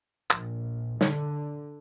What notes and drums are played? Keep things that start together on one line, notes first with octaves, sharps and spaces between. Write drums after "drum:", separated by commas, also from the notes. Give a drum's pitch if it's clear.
A#1, drum: clap
D3, drum: snare